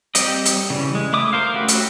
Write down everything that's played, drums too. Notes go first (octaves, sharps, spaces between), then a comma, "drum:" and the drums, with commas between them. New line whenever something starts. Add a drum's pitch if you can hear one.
G3 C4 G4 D#5, drum: hi-hat
drum: hi-hat
C#3 E3 G3
G#3
A3 E4 D6 D#6
A#4 C5 F5
A3 C#4 F#4 G4 B4
drum: hi-hat